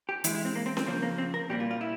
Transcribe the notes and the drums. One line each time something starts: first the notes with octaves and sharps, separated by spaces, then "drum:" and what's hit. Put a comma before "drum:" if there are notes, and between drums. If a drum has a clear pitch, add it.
G4
E3 G#3 E4, drum: hi-hat
E4
C4
A#3
C4
C4, drum: snare C#4
C#3 F3 A#3 C4
A#3
C4
A#4
A#2 G3 A#3 G4
F4
F4
E4